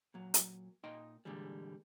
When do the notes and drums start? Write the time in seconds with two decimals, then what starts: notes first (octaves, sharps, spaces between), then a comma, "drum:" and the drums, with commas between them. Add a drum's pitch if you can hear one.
0.14 A#2 F#3
0.34 drum: hi-hat
0.84 A#2 D#4 D#5 G5 C6
1.25 A#2 D3 E3 G3 G#3